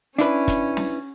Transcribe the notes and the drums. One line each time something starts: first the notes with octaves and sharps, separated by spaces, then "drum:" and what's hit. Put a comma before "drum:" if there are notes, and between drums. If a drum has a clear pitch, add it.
C#4 D4 E4 B4, drum: hi-hat
drum: kick, hi-hat
drum: snare